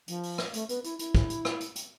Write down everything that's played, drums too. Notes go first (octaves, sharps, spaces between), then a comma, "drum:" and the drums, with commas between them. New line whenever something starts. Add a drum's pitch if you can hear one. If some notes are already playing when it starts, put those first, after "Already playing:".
F3, drum: hi-hat
drum: open hi-hat
drum: rim click
A3, drum: hi-hat
B3, drum: hi-hat
E4, drum: hi-hat
E4, drum: hi-hat
drum: kick
drum: hi-hat
drum: rim click
drum: hi-hat
drum: hi-hat